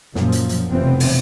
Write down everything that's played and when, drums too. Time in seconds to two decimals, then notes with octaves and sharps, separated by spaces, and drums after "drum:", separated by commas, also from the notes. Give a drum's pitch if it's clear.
0.15 F#2 A#2 F3, drum: snare
0.32 drum: hi-hat
0.49 drum: hi-hat
0.70 F1 B2 E3 F3 C4
1.00 drum: open hi-hat